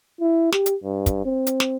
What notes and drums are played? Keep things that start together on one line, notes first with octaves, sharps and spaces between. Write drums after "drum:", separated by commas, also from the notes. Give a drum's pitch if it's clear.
E4
G4, drum: snare
drum: hi-hat
G2
drum: kick, hi-hat
C4
drum: hi-hat
drum: snare